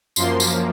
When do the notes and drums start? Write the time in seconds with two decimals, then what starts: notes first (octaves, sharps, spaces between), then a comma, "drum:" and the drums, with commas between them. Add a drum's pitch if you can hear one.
0.16 F#2 F3 A#3 C6, drum: tambourine
0.40 drum: tambourine